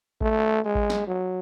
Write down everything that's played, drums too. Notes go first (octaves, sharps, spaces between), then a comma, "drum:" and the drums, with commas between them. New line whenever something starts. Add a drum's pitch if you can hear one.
A3, drum: kick A1
G#3
drum: kick A1
drum: snare
F#3